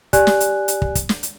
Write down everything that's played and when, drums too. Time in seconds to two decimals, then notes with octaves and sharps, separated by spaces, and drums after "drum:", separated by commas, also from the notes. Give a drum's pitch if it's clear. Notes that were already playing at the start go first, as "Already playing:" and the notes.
0.13 G4 D5 G#5 F#6, drum: kick, hi-hat
0.27 drum: snare
0.40 drum: hi-hat
0.68 drum: hi-hat
0.82 drum: kick
0.95 drum: kick, hi-hat
1.09 drum: snare
1.23 drum: hi-hat